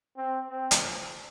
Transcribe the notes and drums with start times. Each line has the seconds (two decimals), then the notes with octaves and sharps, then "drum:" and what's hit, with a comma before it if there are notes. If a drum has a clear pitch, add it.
0.17 C4
0.49 C4
0.71 drum: hi-hat